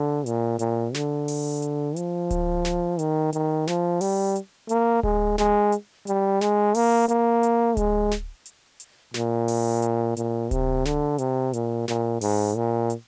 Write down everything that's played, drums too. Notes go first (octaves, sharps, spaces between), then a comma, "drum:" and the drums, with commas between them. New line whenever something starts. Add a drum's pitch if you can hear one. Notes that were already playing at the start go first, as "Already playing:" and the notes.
Already playing: D3
A#2, drum: hi-hat
A#2, drum: hi-hat
D3, drum: snare
drum: open hi-hat
drum: hi-hat
F3, drum: hi-hat
drum: kick D1, hi-hat
drum: snare
D#3, drum: hi-hat
D#3, drum: hi-hat
F3, drum: snare
G3, drum: open hi-hat
drum: hi-hat
A#3, drum: hi-hat
G#3, drum: kick D1
G#3, drum: snare
drum: hi-hat
G3, drum: hi-hat
G#3, drum: snare
A#3, drum: open hi-hat
A#3, drum: hi-hat
drum: hi-hat
G#3, drum: kick D1, hi-hat
drum: snare
drum: hi-hat
drum: hi-hat
A#2, drum: snare
drum: open hi-hat
drum: hi-hat
A#2, drum: hi-hat
C3, drum: kick D1, hi-hat
D3, drum: snare
C3, drum: hi-hat
A#2, drum: hi-hat
A#2, drum: snare
G#2, drum: open hi-hat
A#2
drum: hi-hat